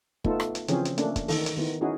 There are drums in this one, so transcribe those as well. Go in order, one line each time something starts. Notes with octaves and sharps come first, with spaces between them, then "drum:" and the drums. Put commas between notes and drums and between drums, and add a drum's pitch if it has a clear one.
A3 B3 D#4 F4 A4, drum: kick
drum: rim click
drum: hi-hat
C#3 E3 F3 C4 C#4 G#4, drum: hi-hat
drum: hi-hat
A3 A#3 C#4 D4, drum: hi-hat
drum: kick, hi-hat
D#3 E3 A4, drum: open hi-hat
drum: hi-hat
D#3 B3 E4
C#4 D#4 E4 F#4 G#4